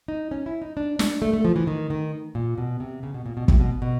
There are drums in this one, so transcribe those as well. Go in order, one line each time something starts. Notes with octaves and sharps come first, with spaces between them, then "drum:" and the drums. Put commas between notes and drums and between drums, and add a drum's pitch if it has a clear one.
D#4
C#4
E4
D#4
D4
D4, drum: snare
A3
A3
F3
E3
D#3
D#3
A#2
B2
C3
C#3
B2
A#2
B2
C3, drum: kick
B2
B2